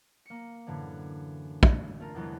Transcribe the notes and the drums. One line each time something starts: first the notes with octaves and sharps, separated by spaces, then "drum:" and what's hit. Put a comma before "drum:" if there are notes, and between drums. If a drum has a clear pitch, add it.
A#3 C#7
F#2 A2 D3 E3
drum: kick
A3 F4 A#4
E2 C3 E3 F#3 G#3 A3